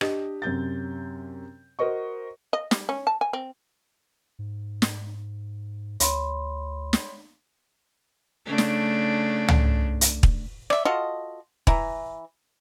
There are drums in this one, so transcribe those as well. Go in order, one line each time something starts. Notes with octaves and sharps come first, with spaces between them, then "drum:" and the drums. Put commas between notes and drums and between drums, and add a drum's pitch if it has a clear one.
D4 G4 D#5, drum: rim click
F#2 C3 G6 A6
F#4 A#4 C5 D#5 C#6
D#5
G3, drum: snare
C#4
A5
G#5
C4
G#2
drum: snare
D2 C#5 B5 C6, drum: hi-hat
drum: snare
C#3 A3 D4
drum: snare
drum: tom C#2
drum: hi-hat
drum: kick
D5 E5, drum: rim click
F4 F#4 A4 D#5
E3 E4 A#5, drum: kick